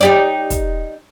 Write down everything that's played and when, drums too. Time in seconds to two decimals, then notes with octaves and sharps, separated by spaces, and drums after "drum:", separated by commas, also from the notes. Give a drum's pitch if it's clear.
0.01 D#4 G4 D5
0.50 drum: kick, hi-hat